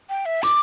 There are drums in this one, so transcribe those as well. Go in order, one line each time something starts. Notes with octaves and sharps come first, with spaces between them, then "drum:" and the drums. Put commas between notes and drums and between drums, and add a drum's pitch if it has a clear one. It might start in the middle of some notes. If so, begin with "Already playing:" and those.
G5
E5
D6, drum: hi-hat